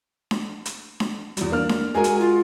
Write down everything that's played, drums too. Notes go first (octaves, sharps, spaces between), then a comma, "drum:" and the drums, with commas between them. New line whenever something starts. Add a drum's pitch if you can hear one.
drum: snare D4
drum: hi-hat
drum: snare D4
E2 G3, drum: hi-hat
A#3 D4 F6
drum: snare D4
G#3 F#4 A#4 G#5
drum: hi-hat
F4